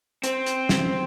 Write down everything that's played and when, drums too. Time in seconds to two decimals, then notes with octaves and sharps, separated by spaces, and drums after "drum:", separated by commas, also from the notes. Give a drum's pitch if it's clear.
0.24 C4, drum: hi-hat
0.46 drum: hi-hat
0.69 drum: snare